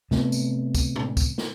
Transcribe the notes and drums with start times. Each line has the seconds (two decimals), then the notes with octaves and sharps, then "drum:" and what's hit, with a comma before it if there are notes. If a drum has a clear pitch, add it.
0.11 C3 A3 B3, drum: snare
0.32 drum: tambourine
0.75 drum: kick, tambourine
0.96 drum: tom
1.17 drum: kick, tambourine
1.38 drum: snare